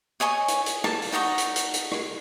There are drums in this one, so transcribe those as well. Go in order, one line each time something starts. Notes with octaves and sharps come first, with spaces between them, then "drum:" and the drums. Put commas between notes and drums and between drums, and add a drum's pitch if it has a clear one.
C#5 D#5 G#5 C#6
drum: hi-hat
drum: hi-hat
A5, drum: rim click
drum: open hi-hat
D#4 F#4 D#5 C#6
drum: hi-hat
drum: hi-hat
drum: hi-hat
drum: rim click